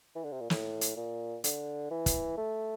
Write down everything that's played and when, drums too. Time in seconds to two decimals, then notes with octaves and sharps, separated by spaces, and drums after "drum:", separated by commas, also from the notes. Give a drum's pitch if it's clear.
0.15 E3
0.24 D3
0.32 C3
0.41 A#2
0.50 A2, drum: snare
0.81 drum: hi-hat
0.96 A#2
1.44 D3, drum: hi-hat
1.91 E3
2.06 drum: kick, hi-hat
2.37 A3